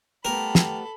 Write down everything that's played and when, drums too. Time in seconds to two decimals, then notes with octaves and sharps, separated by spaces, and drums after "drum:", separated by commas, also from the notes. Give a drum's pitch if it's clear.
0.25 G3 A3 B3 G4 A4 A#4 B5
0.55 drum: snare